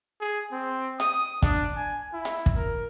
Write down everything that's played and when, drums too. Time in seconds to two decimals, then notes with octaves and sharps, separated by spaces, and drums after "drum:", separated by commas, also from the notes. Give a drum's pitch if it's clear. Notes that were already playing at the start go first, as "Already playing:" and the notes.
0.21 G#4
0.52 C4
1.00 D#6, drum: hi-hat
1.42 D4, drum: kick, hi-hat
1.76 G#5
2.13 E4
2.25 drum: hi-hat
2.46 drum: kick
2.56 A#4